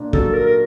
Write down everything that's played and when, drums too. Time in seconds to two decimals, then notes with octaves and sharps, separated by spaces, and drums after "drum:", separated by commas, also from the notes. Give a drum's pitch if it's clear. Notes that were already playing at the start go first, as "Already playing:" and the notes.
Already playing: A#2 D4
0.13 F#3 A4, drum: kick
0.33 A#4
0.45 A#4